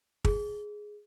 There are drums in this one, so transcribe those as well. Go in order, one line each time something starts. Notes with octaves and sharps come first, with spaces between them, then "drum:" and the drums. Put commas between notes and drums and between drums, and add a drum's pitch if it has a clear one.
G#4, drum: kick